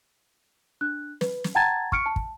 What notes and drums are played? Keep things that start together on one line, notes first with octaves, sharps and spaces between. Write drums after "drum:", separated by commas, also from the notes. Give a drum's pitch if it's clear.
D4 F#6
B4, drum: snare
drum: snare
F#5 G5 A5 A#5 G#6 A6
C#6 F6 C#7 D7, drum: kick
A5
drum: kick